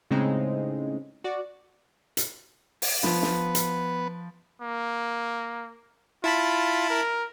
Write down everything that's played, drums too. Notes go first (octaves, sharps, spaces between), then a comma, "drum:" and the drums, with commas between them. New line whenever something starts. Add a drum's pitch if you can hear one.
A2 C#3 G#3 C4 D#4
F#4 D5
drum: hi-hat
drum: open hi-hat
F3 B3 B4, drum: snare
drum: snare
drum: hi-hat
A#3
E4 F4 A5 B5
A#4